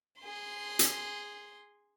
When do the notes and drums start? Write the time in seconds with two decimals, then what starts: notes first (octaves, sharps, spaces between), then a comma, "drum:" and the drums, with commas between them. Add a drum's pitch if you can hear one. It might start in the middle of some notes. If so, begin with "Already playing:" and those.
0.19 G#4 C6
0.79 drum: hi-hat